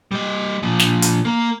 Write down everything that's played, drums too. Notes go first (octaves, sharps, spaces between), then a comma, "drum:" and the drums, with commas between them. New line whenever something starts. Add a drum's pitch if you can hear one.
G3 D#5
A#2 F3
drum: snare
drum: hi-hat
A#3 A#4